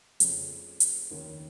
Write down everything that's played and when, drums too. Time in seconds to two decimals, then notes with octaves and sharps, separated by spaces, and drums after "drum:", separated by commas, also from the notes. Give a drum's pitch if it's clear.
0.20 F1 F2 C#3, drum: hi-hat
0.80 drum: hi-hat
1.10 F1 D#2 D#3 A#3 C#4